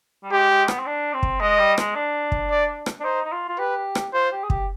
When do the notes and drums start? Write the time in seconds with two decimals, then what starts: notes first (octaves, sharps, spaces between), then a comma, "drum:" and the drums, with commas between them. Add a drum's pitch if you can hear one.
0.23 G3
0.32 G#3 G4
0.50 G#3
0.68 B3, drum: rim click
0.79 C4
0.86 D4
1.14 C4
1.23 drum: kick
1.41 G#3 D#5
1.59 G3
1.78 G#3, drum: rim click
1.95 D4
2.32 drum: kick
2.50 D5
2.86 drum: rim click
3.00 D4
3.04 D#4 C5
3.24 D#4
3.32 F4
3.48 F4
3.59 G4 B4
3.95 drum: rim click
4.13 F4 C5
4.32 G4
4.44 G#4
4.50 G4, drum: kick